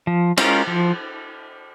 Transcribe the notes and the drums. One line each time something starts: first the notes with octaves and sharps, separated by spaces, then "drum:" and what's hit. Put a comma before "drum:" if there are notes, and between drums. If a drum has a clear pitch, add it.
F3
G#3 C#4 F4 A#4, drum: cymbal
F3